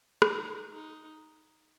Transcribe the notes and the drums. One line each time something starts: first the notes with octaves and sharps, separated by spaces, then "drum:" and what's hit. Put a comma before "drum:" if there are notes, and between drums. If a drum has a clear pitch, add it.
D#4, drum: rim click
D#4